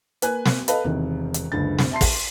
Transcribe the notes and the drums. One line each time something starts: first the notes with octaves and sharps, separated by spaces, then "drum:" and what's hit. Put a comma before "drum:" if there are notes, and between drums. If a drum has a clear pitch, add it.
A#3 B4 G#5 F#6, drum: hi-hat
drum: snare
A4 B4 D#5 F5 A5 B5, drum: hi-hat
E1 C3 D#3
drum: hi-hat
F#1 C#2 D3 A6
drum: snare
E5 A5 C6 C7
drum: kick, open hi-hat